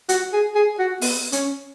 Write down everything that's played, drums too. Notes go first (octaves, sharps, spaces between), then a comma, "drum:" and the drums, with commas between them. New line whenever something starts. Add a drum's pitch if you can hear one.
F#4, drum: hi-hat
G#4
G#4
F#4
B3, drum: open hi-hat
C#4, drum: hi-hat